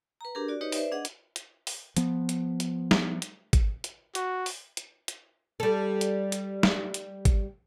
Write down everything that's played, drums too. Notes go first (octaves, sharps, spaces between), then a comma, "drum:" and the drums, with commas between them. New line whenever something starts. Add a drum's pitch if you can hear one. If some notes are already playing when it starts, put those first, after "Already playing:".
B4 A#5
D4 G4 G#4 A#4
F#4 D5
D#4 G4 B4 C#5 D#5
B4 C5 D5 E5, drum: open hi-hat
D4 G#4 D#5 F#5
drum: hi-hat
drum: hi-hat
drum: open hi-hat
F3 B3, drum: hi-hat
drum: hi-hat
drum: hi-hat
drum: snare
drum: hi-hat
drum: kick G#1, hi-hat
drum: hi-hat
F#4, drum: hi-hat
drum: open hi-hat
drum: hi-hat
drum: hi-hat
G3 A4
drum: hi-hat
drum: hi-hat
drum: snare
drum: hi-hat
drum: kick G#1, hi-hat